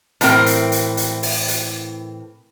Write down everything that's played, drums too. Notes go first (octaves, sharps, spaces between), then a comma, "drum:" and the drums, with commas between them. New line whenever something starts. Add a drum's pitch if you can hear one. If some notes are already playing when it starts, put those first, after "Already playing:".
A2 E3 C4 F4 A#4 G5, drum: hi-hat
drum: hi-hat
drum: hi-hat
drum: hi-hat
drum: open hi-hat
drum: hi-hat